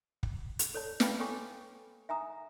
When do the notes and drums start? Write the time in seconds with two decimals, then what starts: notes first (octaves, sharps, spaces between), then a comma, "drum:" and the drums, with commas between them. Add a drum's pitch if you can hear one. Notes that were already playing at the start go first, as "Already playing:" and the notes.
0.23 drum: kick
0.59 drum: hi-hat
0.74 A4 C#5 D5 A5
1.00 B4 D5 F5 G5 A5 B5, drum: snare
1.20 A4 C#5 G5 G#5 C#6 D6
2.09 E5 G#5 A#5 D#6